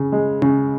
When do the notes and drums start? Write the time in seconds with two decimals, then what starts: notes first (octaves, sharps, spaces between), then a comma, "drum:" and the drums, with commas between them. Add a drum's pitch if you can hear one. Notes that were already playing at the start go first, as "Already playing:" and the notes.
Already playing: C#3
0.12 G#3
0.42 C#3, drum: tom C#4